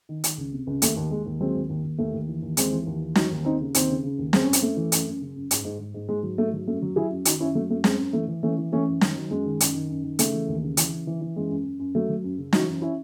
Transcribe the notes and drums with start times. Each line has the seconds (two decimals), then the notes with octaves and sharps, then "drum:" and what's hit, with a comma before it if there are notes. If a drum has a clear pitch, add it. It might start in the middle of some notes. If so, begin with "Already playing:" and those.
0.09 D#3
0.24 D#3, drum: hi-hat
0.38 C#2
0.53 C3
0.67 C#2
0.82 D#2 A3, drum: hi-hat
0.97 D#2
1.11 D#2 G#3
1.26 D#2
1.40 F#3 G#3 C4
1.55 D#2
1.70 D#2
1.84 D#2
1.98 D#2 A3
2.14 D#2
2.29 E3
2.42 D#2
2.57 D#2 G#3 C4, drum: hi-hat
2.72 E3
2.86 D#2
3.01 E3
3.15 F#3 D#4 F#4, drum: snare
3.31 D#2
3.45 D#2 C4 D#4
3.60 C#3
3.74 D#2 C4 D#4, drum: hi-hat
3.89 C#3
4.04 C#3
4.18 D#2
4.33 F#2 G#3 C4, drum: snare
4.42 C#4
4.47 F#2
4.53 C4, drum: hi-hat
4.63 F#2 A3
4.77 E3
4.92 F#2, drum: hi-hat
5.07 F#2
5.21 C#3
5.36 F#2
5.51 G#2, drum: hi-hat
5.65 G#2
5.79 G#2
5.94 G#2
6.09 G#2 G#3
6.23 F#3
6.38 G#2 A3
6.53 F#3
6.67 F#2 A3
6.82 F#3
6.96 F#3 E4 G#4
7.11 F#2
7.25 D#3 D#4 F#4, drum: hi-hat
7.40 F#2 C#4 E4
7.55 F#3 A3
7.70 F#2 A3
7.84 F#2 G#3 C4, drum: snare
7.99 F#2
8.13 E3 A3
8.28 E3
8.43 E3 A3 C#4
8.58 E3
8.72 E3 A3 C#4
8.87 F#2
9.01 D#3, drum: snare
9.17 F#3
9.30 F#2 G#3
9.46 D#3
9.60 F#2, drum: hi-hat
9.75 D#3
9.89 F#2
10.04 D#3
10.19 C#3 A3, drum: hi-hat
10.33 E3
10.48 D#2
10.62 C#3
10.77 E3, drum: hi-hat
10.92 C#3
11.07 E3
11.21 E3
11.36 F#2 G#3
11.50 F#2
11.65 F#2
11.79 F#2
11.95 F#3 A3
12.09 F#3
12.24 F#2
12.38 C#3
12.53 E3 D#4 F#4, drum: snare
12.68 F#2
12.82 C#4 E4